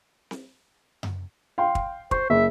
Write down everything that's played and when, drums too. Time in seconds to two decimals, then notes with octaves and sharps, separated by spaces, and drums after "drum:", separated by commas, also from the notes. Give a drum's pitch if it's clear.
0.31 drum: snare C4
1.03 drum: tom F#2
1.58 F5 G5 C6
1.75 drum: kick
2.11 C5 C#6, drum: kick
2.30 F#1 E5